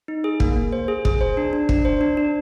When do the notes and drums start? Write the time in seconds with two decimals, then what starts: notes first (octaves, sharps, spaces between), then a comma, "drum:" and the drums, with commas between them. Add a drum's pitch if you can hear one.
0.08 D#4
0.24 G#4
0.40 A#3, drum: kick
0.56 A#3
0.72 C5
0.88 G#4
1.05 G#4, drum: kick
1.21 C5
1.37 D4
1.53 D4
1.69 D4, drum: kick
1.85 C5
2.01 D4
2.17 D4